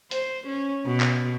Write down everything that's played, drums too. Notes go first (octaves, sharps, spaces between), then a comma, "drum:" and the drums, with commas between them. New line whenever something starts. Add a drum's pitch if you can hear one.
C5, drum: hi-hat
C#4
B2
drum: clap